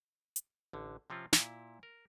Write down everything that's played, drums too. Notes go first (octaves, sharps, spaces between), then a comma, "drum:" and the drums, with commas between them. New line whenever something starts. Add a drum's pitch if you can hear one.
drum: hi-hat
A1 D3
C3 F3 C4 C#4 F4
A#2 E4, drum: snare
A#4